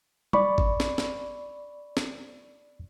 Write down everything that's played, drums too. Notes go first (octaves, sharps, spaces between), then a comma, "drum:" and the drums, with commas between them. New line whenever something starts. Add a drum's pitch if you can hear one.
D5 B5 C#6, drum: tom
drum: kick
drum: snare
drum: snare
drum: snare